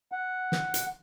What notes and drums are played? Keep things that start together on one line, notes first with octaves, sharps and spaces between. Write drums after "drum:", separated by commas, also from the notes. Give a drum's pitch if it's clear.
F#5
drum: snare
drum: hi-hat